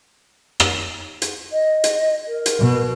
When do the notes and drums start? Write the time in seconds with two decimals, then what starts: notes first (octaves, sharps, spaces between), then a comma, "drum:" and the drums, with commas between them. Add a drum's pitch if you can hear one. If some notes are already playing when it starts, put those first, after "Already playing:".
0.60 drum: rim click
1.22 drum: hi-hat
1.53 D#5
1.84 drum: hi-hat
2.27 A#4
2.46 drum: hi-hat
2.59 B2